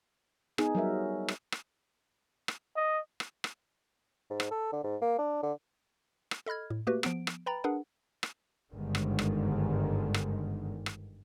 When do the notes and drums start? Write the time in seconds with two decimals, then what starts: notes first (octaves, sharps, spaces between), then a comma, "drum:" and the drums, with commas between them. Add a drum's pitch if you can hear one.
0.58 B3 D#4 G#4, drum: rim click
0.75 F#3 G3 A#4 E5
1.28 drum: rim click
1.52 drum: rim click
2.48 drum: rim click
2.76 D#5
3.20 drum: rim click
3.44 drum: rim click
4.30 G#2
4.40 drum: rim click
4.51 A4
4.72 D3
4.84 G#2
5.01 A#3
5.18 D4
5.43 D3
6.31 drum: rim click
6.46 A4 D#5 B5 F6 G#6
6.70 A2
6.87 A3 A#3 F#4 G4 B4
7.03 F3 B3 D7, drum: rim click
7.27 drum: rim click
7.46 B4 G5 A#5 B5 A6
7.64 D4 G#4 A#4 B4 F#5
8.23 drum: rim click
8.73 G1 G#2 D3 D#3 G#3
8.95 drum: rim click
9.19 drum: rim click
10.14 drum: rim click
10.86 drum: rim click